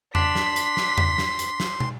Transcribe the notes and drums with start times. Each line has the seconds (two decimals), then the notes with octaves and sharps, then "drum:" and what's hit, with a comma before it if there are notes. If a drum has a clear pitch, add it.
0.15 D4 C6 B6, drum: tom E2
0.35 drum: snare
0.56 drum: hi-hat
0.77 drum: snare
0.98 drum: tom E2
1.18 drum: snare
1.39 drum: hi-hat
1.60 drum: snare
1.80 drum: tom